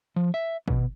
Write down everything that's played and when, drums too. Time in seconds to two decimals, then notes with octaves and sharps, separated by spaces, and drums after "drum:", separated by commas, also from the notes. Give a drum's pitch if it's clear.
0.16 F3
0.34 E5
0.68 B2, drum: kick